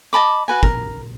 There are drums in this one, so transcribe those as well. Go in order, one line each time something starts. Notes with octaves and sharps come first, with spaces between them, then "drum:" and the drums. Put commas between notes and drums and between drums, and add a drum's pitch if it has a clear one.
D#5 A5 B5 D6
F#4 B4 G#5
A#4, drum: kick